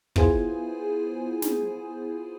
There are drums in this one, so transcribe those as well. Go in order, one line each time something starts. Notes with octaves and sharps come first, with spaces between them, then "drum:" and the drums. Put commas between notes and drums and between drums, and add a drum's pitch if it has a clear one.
B3 E4 F4 G#4 C5 G#5, drum: kick
drum: snare